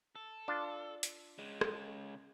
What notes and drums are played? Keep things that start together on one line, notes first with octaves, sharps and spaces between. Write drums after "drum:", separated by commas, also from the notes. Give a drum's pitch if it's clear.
A4
D4 F4
drum: hi-hat
C#3 G#3
drum: rim click